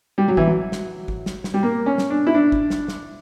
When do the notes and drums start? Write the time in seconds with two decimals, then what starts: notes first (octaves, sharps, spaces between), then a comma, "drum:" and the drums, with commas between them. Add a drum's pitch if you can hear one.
0.18 G3
0.28 F#3
0.37 E3, drum: kick G#1
0.47 F#3
0.72 drum: snare
1.08 drum: kick G#1
1.26 drum: snare
1.44 drum: snare
1.54 G3
1.63 A#3
1.86 C#4
1.98 drum: snare
2.10 D4
2.27 E4
2.34 D4
2.52 drum: kick G#1
2.70 drum: snare
2.88 drum: snare